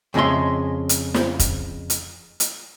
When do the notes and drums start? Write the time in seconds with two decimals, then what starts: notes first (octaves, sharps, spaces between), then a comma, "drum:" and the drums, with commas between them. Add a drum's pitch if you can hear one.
0.14 F2 C#3 G#3 D4 E5 C6
0.89 drum: hi-hat
1.14 drum: snare
1.39 drum: kick F1, hi-hat
1.90 drum: hi-hat
2.40 drum: hi-hat